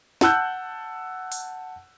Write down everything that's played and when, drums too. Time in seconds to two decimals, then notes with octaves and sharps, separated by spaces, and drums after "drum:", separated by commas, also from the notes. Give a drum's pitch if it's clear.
0.21 F#5 A5 E6 F#6 G6, drum: snare
1.32 drum: open hi-hat